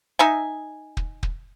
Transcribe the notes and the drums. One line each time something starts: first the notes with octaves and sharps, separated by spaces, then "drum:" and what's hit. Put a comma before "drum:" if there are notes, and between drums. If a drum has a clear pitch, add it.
D#4 E5 G#5
drum: kick
drum: kick